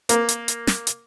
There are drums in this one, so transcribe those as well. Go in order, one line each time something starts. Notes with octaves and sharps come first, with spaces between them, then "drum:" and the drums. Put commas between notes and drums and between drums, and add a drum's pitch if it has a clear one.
A#3, drum: hi-hat
drum: hi-hat
drum: hi-hat
drum: snare
drum: hi-hat